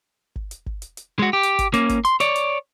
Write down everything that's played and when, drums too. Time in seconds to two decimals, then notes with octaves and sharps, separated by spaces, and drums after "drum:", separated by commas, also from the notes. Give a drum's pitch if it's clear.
0.36 drum: kick G1
0.51 drum: hi-hat
0.66 drum: kick G1
0.82 drum: hi-hat
0.97 drum: hi-hat
1.19 G#3 F#4
1.33 G4
1.43 drum: hi-hat
1.59 drum: kick G1, hi-hat
1.74 A#3 C#4, drum: hi-hat
1.89 drum: kick G1, hi-hat
2.05 C6, drum: hi-hat
2.20 C#5 D5, drum: hi-hat
2.36 drum: hi-hat